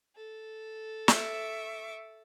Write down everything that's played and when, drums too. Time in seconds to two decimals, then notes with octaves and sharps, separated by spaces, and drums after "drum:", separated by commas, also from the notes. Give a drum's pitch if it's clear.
0.16 A4
1.08 E5 C#6 D6, drum: snare